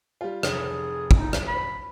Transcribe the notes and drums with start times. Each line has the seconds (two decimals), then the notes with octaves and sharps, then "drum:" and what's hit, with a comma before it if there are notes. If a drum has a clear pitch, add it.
0.21 G3 F4
0.43 F1 G#4, drum: rim click
1.11 drum: kick
1.20 D#4
1.33 drum: rim click
1.47 B5